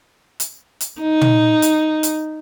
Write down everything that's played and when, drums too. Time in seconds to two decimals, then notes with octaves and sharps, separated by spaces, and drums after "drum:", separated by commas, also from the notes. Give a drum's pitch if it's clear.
0.40 drum: hi-hat
0.81 drum: hi-hat
1.01 D#4
1.21 drum: tom
1.62 drum: hi-hat
2.03 drum: hi-hat